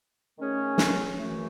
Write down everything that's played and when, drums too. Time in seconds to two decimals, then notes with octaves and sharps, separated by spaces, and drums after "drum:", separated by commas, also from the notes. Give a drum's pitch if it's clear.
0.38 D#3 A3 C#4 G#4 C#5
0.78 drum: snare
1.18 F#2 E3 A3